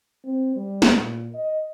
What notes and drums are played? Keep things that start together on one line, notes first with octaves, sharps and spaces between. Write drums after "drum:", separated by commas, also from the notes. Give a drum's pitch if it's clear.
C4
G3
drum: snare
A#2
D#5